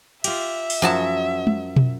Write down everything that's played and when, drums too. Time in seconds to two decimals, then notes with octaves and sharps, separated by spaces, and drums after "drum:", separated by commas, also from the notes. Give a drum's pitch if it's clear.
0.24 F4 G4 E5, drum: cymbal
0.70 drum: open hi-hat
0.82 F#2 F3 F#4 G#4 A5
1.47 drum: tom
1.76 drum: tom B2